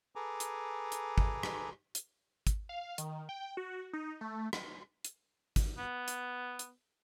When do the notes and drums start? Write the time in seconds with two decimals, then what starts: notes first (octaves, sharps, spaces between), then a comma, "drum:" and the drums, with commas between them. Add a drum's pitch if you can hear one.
0.16 G#4 A4 B4 G#5 A#5 D6
0.40 drum: hi-hat
0.92 drum: hi-hat
1.18 drum: kick
1.43 drum: rim click
1.95 drum: hi-hat
2.47 drum: kick, hi-hat
2.69 F5
2.98 D#3, drum: hi-hat
3.29 G5
3.57 F#4
3.93 D#4
4.21 A3
4.53 drum: rim click
5.05 drum: hi-hat
5.56 drum: kick, hi-hat
5.78 B3
6.08 drum: hi-hat
6.59 drum: hi-hat